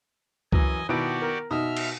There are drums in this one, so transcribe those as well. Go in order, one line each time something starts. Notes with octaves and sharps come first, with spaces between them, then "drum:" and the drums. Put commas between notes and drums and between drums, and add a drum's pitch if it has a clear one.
F#2 E3 D#5 G#5, drum: kick C#2
B2 D#3 B3 E4 F#4 G4 D5 D7
A#4
B2 D#4 E5 D#6 F6
drum: cymbal